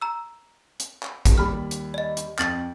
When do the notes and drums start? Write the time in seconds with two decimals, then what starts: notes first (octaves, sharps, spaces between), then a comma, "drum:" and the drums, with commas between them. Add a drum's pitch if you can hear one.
0.01 A#5 E6
0.80 drum: hi-hat
1.03 drum: clap
1.25 drum: kick, hi-hat
1.38 D#2 G3 B5 F6
1.71 drum: hi-hat
1.94 D5 D#5
2.17 drum: hi-hat
2.39 F2 F6 A6 F#7, drum: clap